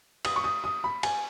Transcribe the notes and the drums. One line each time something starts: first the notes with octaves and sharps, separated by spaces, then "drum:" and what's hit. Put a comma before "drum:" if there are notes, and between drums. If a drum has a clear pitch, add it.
D#6, drum: cymbal
C#6
D#6
D#6
B5
G#5, drum: cymbal